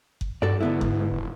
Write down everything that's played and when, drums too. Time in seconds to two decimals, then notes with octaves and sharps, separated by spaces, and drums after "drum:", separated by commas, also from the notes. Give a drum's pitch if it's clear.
0.21 drum: kick F#1
0.42 G2 F#4 A4 D5
0.60 G#2 D3 B3 E4
0.81 drum: kick F#1
1.11 F1